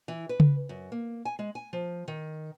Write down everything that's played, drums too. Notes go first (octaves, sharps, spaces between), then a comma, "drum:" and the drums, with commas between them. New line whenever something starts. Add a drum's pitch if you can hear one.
E3
B4
drum: tom C#3
F#2
A#3
G#5
G#3
G#5
F3
D#3